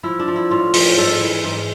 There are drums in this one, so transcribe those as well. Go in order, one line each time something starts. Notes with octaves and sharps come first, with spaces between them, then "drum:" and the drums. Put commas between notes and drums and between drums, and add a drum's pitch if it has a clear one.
F3 E4
D4
F3
E4
A2 F4
F3, drum: open hi-hat
G#2 A4
E3
G#2